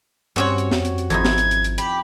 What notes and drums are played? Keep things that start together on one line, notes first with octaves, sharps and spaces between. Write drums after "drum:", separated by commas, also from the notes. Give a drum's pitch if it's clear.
G2 G3 C4 C#4 F#4 G4 C#5
drum: hi-hat
F2, drum: snare
drum: hi-hat
drum: hi-hat
G#1 F2 D#4 E4 G#6, drum: hi-hat
drum: snare
drum: hi-hat
drum: hi-hat
drum: hi-hat
G4 B5, drum: hi-hat